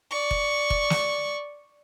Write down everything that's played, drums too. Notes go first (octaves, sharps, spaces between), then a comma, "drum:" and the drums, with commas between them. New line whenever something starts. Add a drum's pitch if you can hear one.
D5 C#6
drum: kick F1
drum: kick F1
drum: snare